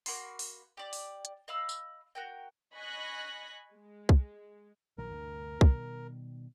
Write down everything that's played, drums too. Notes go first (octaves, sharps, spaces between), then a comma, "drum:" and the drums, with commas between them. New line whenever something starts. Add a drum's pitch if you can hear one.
A#3 F#4 B5 C6, drum: open hi-hat
drum: open hi-hat
G4 D5
drum: open hi-hat
drum: hi-hat
D#5 F5 B5 E6
drum: tambourine
F#4 A#4 G5
D#5 G#5 B5 C#6 F#6 A#6
G#3
drum: kick
A#1 D#3 F#3 A#4
D2 G2 C3
B2 D#3 G3, drum: kick